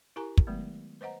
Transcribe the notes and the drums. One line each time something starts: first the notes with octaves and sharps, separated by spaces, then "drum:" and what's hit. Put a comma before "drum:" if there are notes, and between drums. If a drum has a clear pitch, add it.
E4 G4 A#4 G#5 A#5 C#6
drum: kick
D#3 F#3 G#3 A3 B3
B4 C5 D#5 F#5 A#5